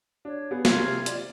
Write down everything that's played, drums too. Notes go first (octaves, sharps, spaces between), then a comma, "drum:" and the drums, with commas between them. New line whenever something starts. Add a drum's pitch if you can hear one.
D4 C#5
B3 G#4
C3 A#3 F4 G#6, drum: snare
C3
D5, drum: hi-hat